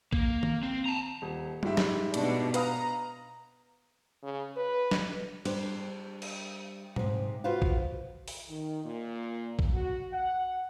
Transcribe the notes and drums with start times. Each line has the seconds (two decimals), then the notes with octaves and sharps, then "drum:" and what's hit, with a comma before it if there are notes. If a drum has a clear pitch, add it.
0.13 A#3, drum: kick
0.43 drum: tom D#3
0.63 C4
0.86 A5 A#5
1.22 D#1
1.63 G#2 G3 E5, drum: tom G3
1.77 drum: snare
2.14 B2 D4, drum: hi-hat
2.54 B4 F5 A#5 D#6, drum: hi-hat
4.23 C#3
4.56 B4
4.91 drum: snare
5.45 G3 D4 C5, drum: cymbal
6.22 drum: cymbal
6.96 G#2 C3, drum: tom A#2
7.44 F4 F#4 B4 C5 F5
7.62 drum: kick
8.28 drum: open hi-hat
8.49 D#3
8.84 A#2
9.59 drum: kick
9.73 F#4
10.12 F#5